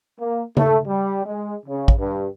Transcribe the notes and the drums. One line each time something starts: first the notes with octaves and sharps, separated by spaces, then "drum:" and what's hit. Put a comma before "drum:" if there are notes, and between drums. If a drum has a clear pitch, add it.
A#3
A3, drum: tom C#3
G3
G#3
C#3
drum: kick
G2